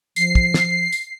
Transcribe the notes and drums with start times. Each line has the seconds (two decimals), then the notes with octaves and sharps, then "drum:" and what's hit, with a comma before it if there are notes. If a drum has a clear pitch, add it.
0.16 F3 C7, drum: tambourine
0.35 drum: kick
0.54 drum: snare
0.92 drum: tambourine